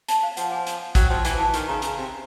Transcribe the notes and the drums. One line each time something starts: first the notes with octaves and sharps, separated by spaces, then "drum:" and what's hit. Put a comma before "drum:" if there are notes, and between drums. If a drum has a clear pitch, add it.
A5, drum: hi-hat
F5
F3 F#5, drum: hi-hat
G#5
drum: hi-hat
F#3 G5, drum: kick, hi-hat
F3 G5
E3 G#5, drum: hi-hat
E3 A5
D#3, drum: hi-hat
C#3 A#5
C#3 A#5, drum: hi-hat
C3